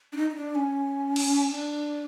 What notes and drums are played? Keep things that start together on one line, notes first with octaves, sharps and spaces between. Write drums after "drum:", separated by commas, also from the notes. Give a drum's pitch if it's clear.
D4
D#4
D#4
D4
C#4
drum: cymbal
D4